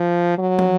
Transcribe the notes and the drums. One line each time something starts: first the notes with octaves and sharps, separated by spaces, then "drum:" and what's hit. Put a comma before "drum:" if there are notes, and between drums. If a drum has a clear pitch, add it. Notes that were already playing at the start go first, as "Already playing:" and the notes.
Already playing: F3
F#3
drum: tom